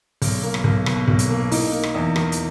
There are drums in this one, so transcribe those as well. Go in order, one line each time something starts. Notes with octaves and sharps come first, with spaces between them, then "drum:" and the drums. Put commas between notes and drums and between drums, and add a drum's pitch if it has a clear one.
B1, drum: open hi-hat
A#3
drum: rim click
B1
B2, drum: rim click
B1
drum: hi-hat
A#3
D#4, drum: open hi-hat
A#3
drum: rim click
E2
D#3, drum: rim click
drum: hi-hat